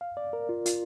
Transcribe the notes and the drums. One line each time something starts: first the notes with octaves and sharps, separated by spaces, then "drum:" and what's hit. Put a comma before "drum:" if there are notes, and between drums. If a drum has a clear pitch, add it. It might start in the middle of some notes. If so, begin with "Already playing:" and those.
F5
D5
A#4
F4
F4, drum: hi-hat